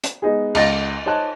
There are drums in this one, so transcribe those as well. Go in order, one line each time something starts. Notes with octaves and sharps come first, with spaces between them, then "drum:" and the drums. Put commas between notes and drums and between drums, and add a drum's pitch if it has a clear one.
drum: hi-hat
G#3 B3 D#4 G#4
C#2 D#5 A6 A#6, drum: cymbal
D#4 C5 C#5 A5 F#6